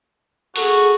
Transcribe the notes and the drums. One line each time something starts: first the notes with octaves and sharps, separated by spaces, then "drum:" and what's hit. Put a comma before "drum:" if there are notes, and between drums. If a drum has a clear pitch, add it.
F#4 G#4 A4, drum: open hi-hat